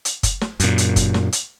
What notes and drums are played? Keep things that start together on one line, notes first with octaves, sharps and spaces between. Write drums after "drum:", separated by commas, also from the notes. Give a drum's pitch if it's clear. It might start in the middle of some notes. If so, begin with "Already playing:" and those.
drum: hi-hat
drum: kick, hi-hat
drum: snare
F#2 A#2, drum: hi-hat
drum: hi-hat
drum: kick, hi-hat
drum: snare
drum: hi-hat